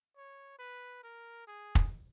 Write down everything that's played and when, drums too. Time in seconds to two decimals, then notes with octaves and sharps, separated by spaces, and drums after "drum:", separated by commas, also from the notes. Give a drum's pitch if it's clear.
0.16 C#5
0.59 B4
1.03 A#4
1.47 G#4
1.75 drum: kick